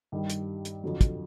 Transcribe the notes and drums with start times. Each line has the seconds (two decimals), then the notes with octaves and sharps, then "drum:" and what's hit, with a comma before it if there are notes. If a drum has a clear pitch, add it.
0.12 G2 D#3 G3
0.30 drum: hi-hat
0.65 drum: hi-hat
0.84 F2 D3 F#3
1.01 drum: kick, hi-hat